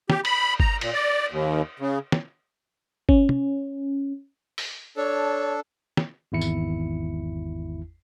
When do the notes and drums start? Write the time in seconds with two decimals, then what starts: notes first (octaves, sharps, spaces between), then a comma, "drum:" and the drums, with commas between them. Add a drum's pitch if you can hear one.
0.10 G4, drum: snare
0.25 B5, drum: cymbal
0.60 A#5, drum: kick G1
0.81 A#2, drum: cymbal
0.93 D5
1.31 D#2
1.80 C#3
2.12 drum: snare
3.09 C#4, drum: kick G1
3.29 drum: tom
4.58 drum: open hi-hat
4.97 D4 A4 C#5
5.97 drum: snare
6.32 G#1 E2 E4 C#7
6.41 drum: tambourine